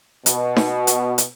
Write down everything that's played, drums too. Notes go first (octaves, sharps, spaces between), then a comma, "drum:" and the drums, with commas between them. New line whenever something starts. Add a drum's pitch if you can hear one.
B2, drum: hi-hat
drum: snare D#4
drum: hi-hat
drum: hi-hat